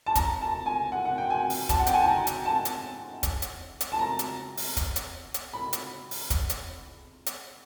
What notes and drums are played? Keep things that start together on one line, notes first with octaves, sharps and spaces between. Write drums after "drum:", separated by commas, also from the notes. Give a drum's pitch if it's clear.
A5
A#5, drum: kick, hi-hat
A5
G#5
F#5
F#5
G5
G#5
drum: open hi-hat
A5, drum: kick, hi-hat
F#5
G5, drum: hi-hat
G#5
A5
A#5
drum: hi-hat
A5
drum: hi-hat
drum: kick, hi-hat
drum: hi-hat
drum: hi-hat
A5
A#5
drum: hi-hat
drum: open hi-hat
drum: kick, hi-hat
drum: hi-hat
drum: hi-hat
B5
drum: hi-hat
drum: open hi-hat
drum: kick, hi-hat
drum: hi-hat
drum: hi-hat